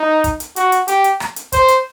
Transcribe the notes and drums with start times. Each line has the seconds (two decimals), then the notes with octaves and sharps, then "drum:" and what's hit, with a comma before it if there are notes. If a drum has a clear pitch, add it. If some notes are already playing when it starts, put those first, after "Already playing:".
Already playing: D#4
0.24 drum: kick, hi-hat
0.40 drum: hi-hat
0.56 F#4, drum: hi-hat
0.72 drum: hi-hat
0.88 G4, drum: hi-hat
1.04 drum: hi-hat
1.20 drum: rim click
1.36 drum: hi-hat
1.52 C5, drum: kick, hi-hat
1.68 drum: hi-hat